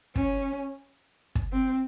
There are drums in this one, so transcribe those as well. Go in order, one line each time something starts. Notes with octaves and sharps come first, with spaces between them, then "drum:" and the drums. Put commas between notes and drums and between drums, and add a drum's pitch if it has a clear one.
C#4, drum: kick
drum: kick
C4